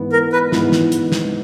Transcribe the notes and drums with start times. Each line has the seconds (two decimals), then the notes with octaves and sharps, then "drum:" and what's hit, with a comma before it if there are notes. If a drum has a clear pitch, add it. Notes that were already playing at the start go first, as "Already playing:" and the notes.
Already playing: G#2 E3 B3
0.12 A#4
0.32 B4
0.52 G#2 E3 B3, drum: snare
0.72 drum: snare
0.92 drum: hi-hat
1.12 drum: snare